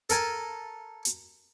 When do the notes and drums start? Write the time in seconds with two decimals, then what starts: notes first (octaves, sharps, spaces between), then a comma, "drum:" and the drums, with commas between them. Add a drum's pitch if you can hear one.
0.10 A4 A#4 G#5 A5, drum: hi-hat
1.05 drum: hi-hat